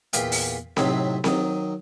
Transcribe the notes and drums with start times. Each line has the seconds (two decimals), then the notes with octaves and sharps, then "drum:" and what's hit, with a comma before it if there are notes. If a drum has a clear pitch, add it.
0.13 E2 A#2 G4 B4 F5 G5, drum: hi-hat
0.32 drum: open hi-hat
0.77 A2 C3 F#3 C4 D#4 E4, drum: snare C4
1.24 D#3 F#3 D#4, drum: snare C4